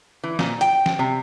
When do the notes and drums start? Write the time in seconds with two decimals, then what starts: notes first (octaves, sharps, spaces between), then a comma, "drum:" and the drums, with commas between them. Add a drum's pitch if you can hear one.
0.24 E3
0.39 A#2, drum: snare
0.61 G5, drum: hi-hat
0.86 drum: snare
0.99 C3